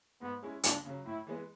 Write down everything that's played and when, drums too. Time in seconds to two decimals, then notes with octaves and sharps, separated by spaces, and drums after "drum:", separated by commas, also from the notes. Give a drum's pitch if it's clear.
0.21 G#2 B3
0.43 G#3 C#4 E4
0.63 C#2 D4, drum: hi-hat
0.85 C#3 F#3
1.06 A2 E4
1.27 E3 G#3 B3